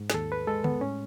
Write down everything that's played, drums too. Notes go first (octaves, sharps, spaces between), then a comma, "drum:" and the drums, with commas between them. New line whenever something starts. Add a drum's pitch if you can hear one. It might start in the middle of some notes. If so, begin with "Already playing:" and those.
Already playing: G#2
G#4, drum: snare
D#2 A4
B4
G#3 A4
B3, drum: tom
A2 C#4